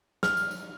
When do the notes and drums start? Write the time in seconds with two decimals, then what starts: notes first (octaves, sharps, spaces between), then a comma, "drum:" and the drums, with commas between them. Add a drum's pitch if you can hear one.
0.23 F6, drum: snare
0.37 drum: tambourine
0.51 drum: tambourine